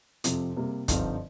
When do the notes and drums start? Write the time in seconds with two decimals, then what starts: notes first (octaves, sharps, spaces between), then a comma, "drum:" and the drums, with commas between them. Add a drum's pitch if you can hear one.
0.24 F2 C3 F3, drum: hi-hat
0.57 C3 G3 A#3
0.88 G2 D3 F3 C4 D#4, drum: kick, hi-hat